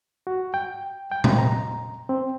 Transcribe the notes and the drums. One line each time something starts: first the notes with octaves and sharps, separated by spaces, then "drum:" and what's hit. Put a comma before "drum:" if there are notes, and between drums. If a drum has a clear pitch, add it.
F#4
G5
G5
drum: tom A#2
A#5
C4